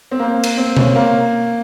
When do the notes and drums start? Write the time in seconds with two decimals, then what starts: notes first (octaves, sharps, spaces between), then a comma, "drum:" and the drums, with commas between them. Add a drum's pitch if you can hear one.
0.11 C4
0.19 A#3
0.44 drum: cymbal
0.57 C4
0.77 C#4, drum: tom B2
0.95 A#3